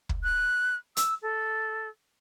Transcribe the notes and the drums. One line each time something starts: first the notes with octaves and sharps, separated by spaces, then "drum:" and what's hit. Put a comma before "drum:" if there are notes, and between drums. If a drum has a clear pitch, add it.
drum: kick
F#6
E6, drum: hi-hat
A4